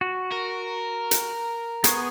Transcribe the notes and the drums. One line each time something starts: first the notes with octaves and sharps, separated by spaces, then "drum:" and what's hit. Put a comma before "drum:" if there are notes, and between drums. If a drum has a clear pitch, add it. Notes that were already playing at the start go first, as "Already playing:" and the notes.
F#4
A#4
drum: hi-hat
B3 G#4 C#6, drum: hi-hat